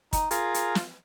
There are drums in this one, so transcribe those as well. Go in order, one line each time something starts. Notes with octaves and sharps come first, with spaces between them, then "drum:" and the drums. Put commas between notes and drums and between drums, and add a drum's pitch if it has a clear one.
D#4, drum: kick, hi-hat
F4 G#4 A#4, drum: hi-hat
drum: hi-hat
drum: snare